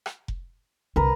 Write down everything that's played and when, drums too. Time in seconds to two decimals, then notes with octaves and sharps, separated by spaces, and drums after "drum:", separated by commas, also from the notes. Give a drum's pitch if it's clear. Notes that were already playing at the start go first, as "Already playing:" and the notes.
0.06 drum: rim click
0.28 drum: kick F1
0.96 C2 D3 A#4 B4